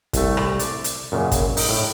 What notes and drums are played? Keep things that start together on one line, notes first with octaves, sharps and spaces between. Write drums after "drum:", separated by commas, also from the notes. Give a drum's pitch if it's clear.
C2 A3, drum: kick, hi-hat
drum: rim click
D5, drum: hi-hat
drum: hi-hat
F#2 A#2 C#3
drum: kick, hi-hat
D#4, drum: open hi-hat
A2